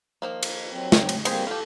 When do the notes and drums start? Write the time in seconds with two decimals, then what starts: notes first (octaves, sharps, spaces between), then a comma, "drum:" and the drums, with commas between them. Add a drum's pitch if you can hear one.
0.22 D#3 F3 A#3
0.43 drum: cymbal
0.71 F#3 C4
0.92 drum: snare
1.09 drum: cymbal
1.25 G3 A#3 C4 G#4 C5, drum: cymbal
1.47 F4 G4 A4